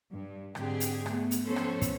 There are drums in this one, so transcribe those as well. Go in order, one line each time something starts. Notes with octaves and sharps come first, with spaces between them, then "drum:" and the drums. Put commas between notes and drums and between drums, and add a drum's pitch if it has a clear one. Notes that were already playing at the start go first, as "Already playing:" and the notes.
G2
G#2 D3 C4 G4 G#4, drum: rim click
drum: hi-hat
A3 B3, drum: rim click
drum: hi-hat
F3 B3 C#4 A4 C5 C#5
drum: rim click
drum: kick, hi-hat